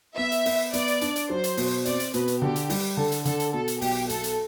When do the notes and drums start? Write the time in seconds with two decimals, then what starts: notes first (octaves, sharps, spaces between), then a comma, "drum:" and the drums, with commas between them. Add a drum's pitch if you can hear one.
0.17 B3 E5
0.32 drum: hi-hat
0.45 B3, drum: open hi-hat
0.73 B3 D5, drum: hi-hat
0.88 drum: hi-hat
1.01 D4, drum: hi-hat
1.16 drum: hi-hat
1.30 F#3 C5
1.44 drum: hi-hat
1.57 B2, drum: open hi-hat
1.85 C4 D5, drum: hi-hat
2.00 drum: hi-hat
2.14 B2 B4, drum: hi-hat
2.28 drum: hi-hat
2.42 D3 G4
2.56 drum: hi-hat
2.70 G3, drum: open hi-hat
2.97 D3 A4
3.12 drum: hi-hat
3.25 D3 A4, drum: hi-hat
3.40 drum: hi-hat
3.53 B2 A4
3.68 drum: hi-hat
3.81 B1 G4, drum: open hi-hat
4.09 B1 A4, drum: hi-hat
4.24 drum: hi-hat